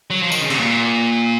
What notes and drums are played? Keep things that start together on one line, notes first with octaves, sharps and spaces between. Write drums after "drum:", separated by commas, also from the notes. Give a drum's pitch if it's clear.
F#3
F3
D#3, drum: tambourine
C#3
C3, drum: cymbal
A#2